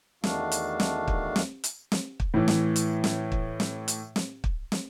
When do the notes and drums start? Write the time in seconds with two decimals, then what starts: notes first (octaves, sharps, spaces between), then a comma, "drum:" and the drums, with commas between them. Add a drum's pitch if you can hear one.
0.24 E2 D#3 A3 D4 F#4 F5, drum: snare
0.52 drum: hi-hat
0.80 drum: snare
1.08 drum: kick
1.36 drum: snare
1.64 drum: hi-hat
1.92 drum: snare
2.20 drum: kick
2.34 A2 E3
2.48 drum: snare
2.76 drum: hi-hat
3.04 drum: snare
3.32 drum: kick
3.60 drum: snare
3.88 drum: hi-hat
4.16 drum: snare
4.44 drum: kick
4.72 drum: snare